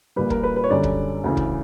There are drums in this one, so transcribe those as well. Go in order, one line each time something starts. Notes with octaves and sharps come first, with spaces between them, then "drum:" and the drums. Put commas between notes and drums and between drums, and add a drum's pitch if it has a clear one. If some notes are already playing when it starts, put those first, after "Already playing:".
A#1 A#2 G3 B4
A#4, drum: kick
B4
B4
C#5
F#2 D3 G3 C#4 D5
drum: kick
D2 C#3 E3
drum: kick